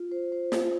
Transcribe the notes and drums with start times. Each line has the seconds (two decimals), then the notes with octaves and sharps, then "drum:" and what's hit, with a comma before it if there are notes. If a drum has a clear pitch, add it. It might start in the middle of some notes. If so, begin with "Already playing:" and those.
Already playing: F4
0.12 C5
0.32 C5
0.52 F4, drum: snare